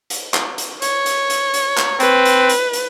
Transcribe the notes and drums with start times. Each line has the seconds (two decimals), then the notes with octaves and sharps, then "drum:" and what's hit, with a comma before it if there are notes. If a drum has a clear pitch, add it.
0.10 drum: hi-hat
0.34 drum: clap
0.58 drum: hi-hat
0.82 C#5, drum: hi-hat
1.06 drum: hi-hat
1.30 drum: hi-hat
1.54 drum: hi-hat
1.78 drum: clap
2.00 C4 B4, drum: hi-hat
2.25 drum: hi-hat
2.49 drum: hi-hat
2.73 drum: hi-hat